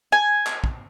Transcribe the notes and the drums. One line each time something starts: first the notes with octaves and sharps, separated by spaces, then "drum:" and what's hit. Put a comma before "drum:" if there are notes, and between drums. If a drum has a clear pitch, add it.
G#5
drum: clap
drum: kick